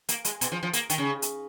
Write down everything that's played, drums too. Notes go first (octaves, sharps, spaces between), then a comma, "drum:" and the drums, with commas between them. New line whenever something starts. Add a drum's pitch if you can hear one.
A#3, drum: hi-hat
G#3, drum: hi-hat
B2, drum: hi-hat
F3
F3
A#3, drum: hi-hat
D#3, drum: hi-hat
C#3
drum: hi-hat